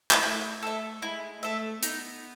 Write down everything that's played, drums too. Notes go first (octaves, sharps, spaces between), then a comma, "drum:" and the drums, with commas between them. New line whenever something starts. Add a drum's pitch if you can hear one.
drum: clap
A3 E4
A3 A4 E5
G#3 E4
A3 A4 E5
B3 D#4, drum: hi-hat